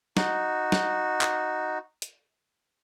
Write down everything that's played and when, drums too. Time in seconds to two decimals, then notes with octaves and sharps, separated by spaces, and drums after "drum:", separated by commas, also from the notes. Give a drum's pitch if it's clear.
0.17 D#4 F#4, drum: snare
0.72 drum: snare
1.21 drum: clap
2.02 drum: hi-hat